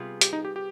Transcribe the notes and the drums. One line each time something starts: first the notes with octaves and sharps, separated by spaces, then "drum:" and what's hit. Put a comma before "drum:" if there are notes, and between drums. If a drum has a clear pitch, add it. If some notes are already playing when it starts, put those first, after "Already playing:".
Already playing: C3 G3 B3 F4 G#4
G4, drum: hi-hat
D#4
G4
G4